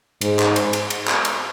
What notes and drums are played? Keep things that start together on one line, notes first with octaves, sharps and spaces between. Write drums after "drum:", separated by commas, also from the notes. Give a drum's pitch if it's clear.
G#2, drum: cymbal
drum: clap
drum: cymbal
drum: cymbal
drum: cymbal
drum: clap
drum: cymbal